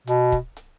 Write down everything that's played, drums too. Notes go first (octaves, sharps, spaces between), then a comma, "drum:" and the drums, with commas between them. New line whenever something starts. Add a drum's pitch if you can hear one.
B2, drum: hi-hat
drum: kick, hi-hat
drum: hi-hat